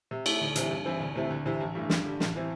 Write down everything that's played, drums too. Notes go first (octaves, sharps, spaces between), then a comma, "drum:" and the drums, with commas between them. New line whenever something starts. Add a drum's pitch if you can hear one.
C3
A3 E4, drum: cymbal
D2
C3 E3 C4 E4, drum: hi-hat
G2
E3 C4 E4
D2
C3 A3 C4 E4
D2
C3 E3 C4 E4
A1
G2 E3 A3
G2, drum: snare
D3 G3
A1, drum: snare
E3 C4 E4